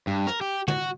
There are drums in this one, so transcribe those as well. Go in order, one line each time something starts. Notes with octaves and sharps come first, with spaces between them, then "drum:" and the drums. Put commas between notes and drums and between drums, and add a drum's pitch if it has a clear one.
G2
A#4, drum: rim click
G4
F#4, drum: tom